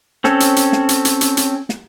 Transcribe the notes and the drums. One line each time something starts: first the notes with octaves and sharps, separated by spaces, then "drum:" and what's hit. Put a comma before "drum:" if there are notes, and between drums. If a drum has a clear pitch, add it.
C4 C#4 A4, drum: snare
drum: hi-hat
drum: hi-hat
drum: snare
drum: hi-hat
drum: hi-hat
drum: hi-hat
drum: hi-hat
drum: snare